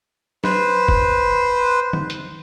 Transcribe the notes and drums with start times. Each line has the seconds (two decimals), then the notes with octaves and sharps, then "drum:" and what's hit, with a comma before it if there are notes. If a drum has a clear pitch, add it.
0.44 B4 C5, drum: snare
0.88 drum: kick
1.93 drum: tom
2.10 drum: hi-hat